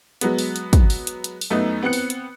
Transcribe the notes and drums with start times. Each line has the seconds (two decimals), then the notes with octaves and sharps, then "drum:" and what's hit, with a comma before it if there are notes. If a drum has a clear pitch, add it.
0.21 F#3 G#3 B3, drum: hi-hat
0.39 drum: open hi-hat
0.56 drum: hi-hat
0.73 drum: kick, hi-hat
0.90 drum: open hi-hat
1.07 drum: hi-hat
1.24 drum: hi-hat
1.41 drum: open hi-hat
1.50 F#2 A3 B3 D#4
1.83 B3 C4 F#6 C#7
1.93 drum: open hi-hat
2.10 drum: hi-hat